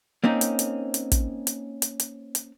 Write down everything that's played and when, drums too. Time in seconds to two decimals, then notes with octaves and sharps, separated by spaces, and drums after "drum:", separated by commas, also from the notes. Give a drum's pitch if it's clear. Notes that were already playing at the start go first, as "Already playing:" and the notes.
0.24 A#3 C4 C#4 D#4
0.41 drum: hi-hat
0.59 drum: hi-hat
0.94 drum: hi-hat
1.12 drum: kick, hi-hat
1.47 drum: hi-hat
1.82 drum: hi-hat
2.00 drum: hi-hat
2.35 drum: hi-hat